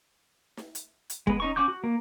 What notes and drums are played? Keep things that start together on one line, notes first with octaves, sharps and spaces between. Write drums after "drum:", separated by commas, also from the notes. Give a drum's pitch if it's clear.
drum: snare
drum: hi-hat
drum: hi-hat
G#3 B3, drum: kick
C#4 D#4 C#6
C#4 F#4 C#6 D6 G6
F#4
A#3